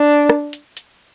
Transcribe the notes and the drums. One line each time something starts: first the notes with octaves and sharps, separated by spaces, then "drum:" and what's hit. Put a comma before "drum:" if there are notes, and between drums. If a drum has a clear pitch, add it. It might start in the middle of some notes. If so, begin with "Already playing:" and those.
Already playing: D4
drum: rim click
drum: hi-hat
drum: hi-hat